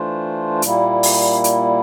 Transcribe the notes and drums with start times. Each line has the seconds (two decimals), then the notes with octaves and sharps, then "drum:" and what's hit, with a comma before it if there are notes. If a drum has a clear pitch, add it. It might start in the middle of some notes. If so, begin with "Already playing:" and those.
Already playing: E3 A3 D4 F4 C5
0.62 A#2 G3 A#3 E4, drum: hi-hat
1.03 drum: open hi-hat
1.44 drum: hi-hat